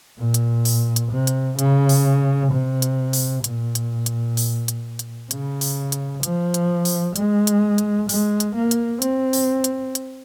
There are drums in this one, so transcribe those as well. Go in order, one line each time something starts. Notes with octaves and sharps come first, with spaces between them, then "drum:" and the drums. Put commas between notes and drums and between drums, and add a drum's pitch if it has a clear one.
A#2
drum: hi-hat
drum: open hi-hat
drum: hi-hat
C3
drum: hi-hat
C#3, drum: hi-hat
drum: open hi-hat
C3
drum: hi-hat
drum: open hi-hat
A#2, drum: hi-hat
drum: hi-hat
drum: hi-hat
drum: open hi-hat
drum: hi-hat
drum: hi-hat
C#3, drum: hi-hat
drum: open hi-hat
drum: hi-hat
F3, drum: hi-hat
drum: hi-hat
drum: open hi-hat
G#3, drum: hi-hat
drum: hi-hat
drum: hi-hat
G#3, drum: open hi-hat
drum: hi-hat
A#3
drum: hi-hat
C4, drum: hi-hat
drum: open hi-hat
drum: hi-hat
drum: hi-hat